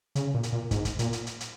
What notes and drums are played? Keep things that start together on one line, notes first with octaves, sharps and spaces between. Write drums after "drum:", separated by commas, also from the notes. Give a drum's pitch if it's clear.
C#3, drum: hi-hat
A#2
drum: hi-hat
A#2
G#2, drum: kick, hi-hat
drum: kick, hi-hat
A#2, drum: hi-hat
drum: hi-hat
drum: hi-hat
drum: hi-hat